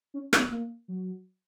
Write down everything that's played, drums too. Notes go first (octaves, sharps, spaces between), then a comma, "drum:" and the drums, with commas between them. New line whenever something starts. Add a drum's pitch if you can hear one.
C#4
B3, drum: rim click
A#3
F#3